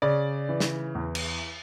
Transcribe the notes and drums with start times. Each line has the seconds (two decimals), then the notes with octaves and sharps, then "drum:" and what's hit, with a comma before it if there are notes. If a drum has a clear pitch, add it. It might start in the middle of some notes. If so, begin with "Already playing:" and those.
0.02 C#3 D5
0.49 E3
0.60 drum: snare
0.95 E2
1.15 drum: cymbal